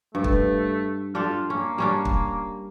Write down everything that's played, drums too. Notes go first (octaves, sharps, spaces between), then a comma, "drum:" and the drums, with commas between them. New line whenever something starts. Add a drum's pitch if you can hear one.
G2 A3
drum: kick
D4 F4 G4 A4
A#3 C#4
G3 C#4 D4
drum: kick